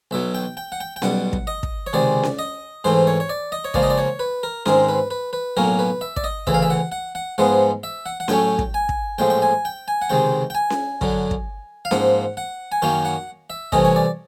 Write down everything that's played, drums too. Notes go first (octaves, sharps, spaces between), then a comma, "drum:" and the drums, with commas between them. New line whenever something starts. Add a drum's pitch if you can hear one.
B1 B2 F#3 E5
G5
G5
F#5
G5
G5
B1 B2 G3 F#5, drum: snare C#4
drum: kick
D#5
drum: kick
C#5
C#2 C3 D#3 G#3 D5
drum: snare C#4
D#5
G#2 E3 A3 C5
C#5
C#5
D5
D#5
C#5
C#2 C#3 F3 A#3 D5, drum: kick
D#5
D5
C#5
B4
A#4
G#2 D#3 G#3 C4 A#4, drum: snare C#4
B4
B4
B4
B1 A2 F#3 A#3 C#4 A#4
B4
E5
D5, drum: kick
D#5
D2 C#3 E3 E5, drum: kick
F5
E5
F#5
F#5
F#5
G#2 F3 G#3 B3 F#5
E5
F#5
F#5
A2 F#3 A3 C#4 G5, drum: snare C#4
drum: kick
G#5
drum: kick
A#1 A2 F3 G#3 G5
G5
G#5
G5
G#5
F#5
C#2 C3 D#3 G#3 G5
G5
G#5
drum: snare C#4
F#2 D3 F#3, drum: kick
drum: kick
F5
G#2 F3 A#3 F#5, drum: snare C#4
F#5
G#5
F#2 D#3 F#3 A#3 C#4 G5
F#5
E5
C2 C3 E3 A3 C#4 D#5, drum: kick
C#5
D5